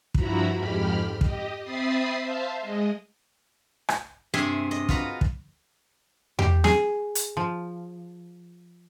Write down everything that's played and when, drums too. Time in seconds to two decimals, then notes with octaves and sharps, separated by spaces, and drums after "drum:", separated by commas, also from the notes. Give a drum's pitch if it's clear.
0.15 G2 F3 E4 F#4 A#5 B5, drum: kick
0.54 F2 G#2 G4 B5 F6
1.21 G4 D#5, drum: kick
1.62 C4 E5 B5 D#6 A6 C7
2.21 C5 E5 F5 A5
2.60 G#3 D#5
3.89 drum: rim click
4.34 G2 C3 G#4 E5 G#5 C6
4.71 D#5
4.89 F4 F#4 B4 A#5, drum: kick
5.21 drum: kick
6.39 G4, drum: tom E2
6.64 G#4, drum: snare
7.15 drum: hi-hat
7.37 F3